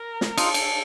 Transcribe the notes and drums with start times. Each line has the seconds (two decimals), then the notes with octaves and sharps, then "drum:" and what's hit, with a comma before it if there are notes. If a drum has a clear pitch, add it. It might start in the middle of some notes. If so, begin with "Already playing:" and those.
Already playing: A#4
0.21 drum: snare
0.38 D#4 F4 A4, drum: cymbal
0.54 drum: cymbal